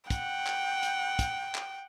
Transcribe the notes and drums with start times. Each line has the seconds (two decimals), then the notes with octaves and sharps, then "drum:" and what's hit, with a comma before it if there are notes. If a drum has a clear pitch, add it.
0.10 F#5 G5, drum: kick, hi-hat
0.47 drum: clap
0.83 drum: hi-hat
1.19 drum: kick, hi-hat
1.55 drum: clap